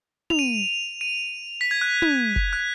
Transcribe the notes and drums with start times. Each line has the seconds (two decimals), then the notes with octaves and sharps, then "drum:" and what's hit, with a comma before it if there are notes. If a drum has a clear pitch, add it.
0.30 F7, drum: tom
0.39 D#7
1.01 D#7
1.61 B6
1.71 G#6
1.81 F#6
2.02 drum: tom
2.36 drum: kick F#1
2.53 F#6